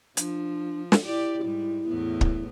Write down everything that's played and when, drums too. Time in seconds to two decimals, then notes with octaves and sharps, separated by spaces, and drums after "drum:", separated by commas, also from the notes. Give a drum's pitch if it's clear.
0.17 F3 D4, drum: hi-hat
0.92 drum: snare
1.05 E4 G4 D5
1.44 G#2 G3
1.88 E2 A2 B3
2.21 drum: kick